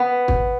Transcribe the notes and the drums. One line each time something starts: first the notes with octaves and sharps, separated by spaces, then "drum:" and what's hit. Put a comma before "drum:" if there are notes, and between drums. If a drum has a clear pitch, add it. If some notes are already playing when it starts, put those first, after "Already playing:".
Already playing: B3
drum: kick